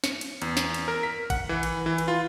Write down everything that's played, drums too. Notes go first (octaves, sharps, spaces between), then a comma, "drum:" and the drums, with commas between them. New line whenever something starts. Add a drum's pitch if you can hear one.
C#7, drum: snare
drum: cymbal
E2, drum: cymbal
drum: snare
drum: cymbal
A#4
B6
F#5, drum: kick A1, cymbal
E3
drum: cymbal
E3
drum: cymbal
F4